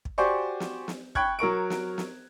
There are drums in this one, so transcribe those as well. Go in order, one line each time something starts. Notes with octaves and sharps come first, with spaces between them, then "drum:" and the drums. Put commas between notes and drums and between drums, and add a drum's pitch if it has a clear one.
drum: kick
F#4 G4 C5 D5 G#5 C#6
drum: snare
drum: snare
G5 B5 C#6 F#6 G#6, drum: kick
F#3 A#4 C#6 D7
drum: snare
drum: snare